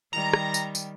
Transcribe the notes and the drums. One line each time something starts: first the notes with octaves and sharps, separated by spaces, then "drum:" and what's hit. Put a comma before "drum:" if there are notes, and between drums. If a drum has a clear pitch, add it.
D#3 G3 A#5
drum: rim click
drum: tambourine
drum: tambourine